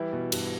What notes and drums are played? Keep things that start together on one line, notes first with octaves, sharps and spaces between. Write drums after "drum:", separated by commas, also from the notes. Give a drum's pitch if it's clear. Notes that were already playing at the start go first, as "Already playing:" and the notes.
Already playing: E3 G3 E4
B2
G2, drum: cymbal